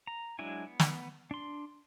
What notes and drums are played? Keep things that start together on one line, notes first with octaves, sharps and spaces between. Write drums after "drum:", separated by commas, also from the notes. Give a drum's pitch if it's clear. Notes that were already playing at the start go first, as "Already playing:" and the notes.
A#5
F#3 G#3 D4 E4 G#5
B3
drum: snare
D4 C6